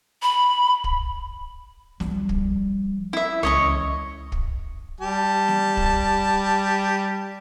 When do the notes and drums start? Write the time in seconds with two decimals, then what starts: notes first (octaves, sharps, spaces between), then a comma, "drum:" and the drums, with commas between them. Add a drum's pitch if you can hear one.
0.22 B5
0.84 drum: kick
2.00 F3 G3, drum: snare
2.29 drum: kick
3.13 E4 E5
3.43 C#2 E3 C#5 D#5 C#6
4.32 drum: kick
5.01 G3 G4 A5
5.48 drum: snare
5.77 drum: kick